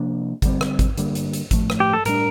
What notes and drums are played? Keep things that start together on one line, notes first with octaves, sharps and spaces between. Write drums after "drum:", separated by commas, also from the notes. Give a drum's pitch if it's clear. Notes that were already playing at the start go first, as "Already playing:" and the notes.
Already playing: C3 F3 A#3 D4
D3 G3 C4, drum: kick G#1, hi-hat
drum: rim click
drum: kick G#1, hi-hat
D3 G3 A#3, drum: hi-hat
drum: hi-hat
drum: hi-hat
A2 F3 A3, drum: kick G#1, hi-hat
drum: rim click
G4
A4
A2 G3 D4 A#4, drum: hi-hat